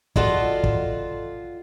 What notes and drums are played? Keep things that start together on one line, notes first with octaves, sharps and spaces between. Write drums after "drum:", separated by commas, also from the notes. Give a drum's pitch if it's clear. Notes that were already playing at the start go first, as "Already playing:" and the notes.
F4 F#4 A4 D5 D#5, drum: kick
drum: kick